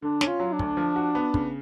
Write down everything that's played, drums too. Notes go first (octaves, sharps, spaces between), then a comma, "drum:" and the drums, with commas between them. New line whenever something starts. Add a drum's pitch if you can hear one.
D3 D4
C#4, drum: snare
F4
F#3
D4
D2, drum: kick
F3
F#4
B3
C#3, drum: kick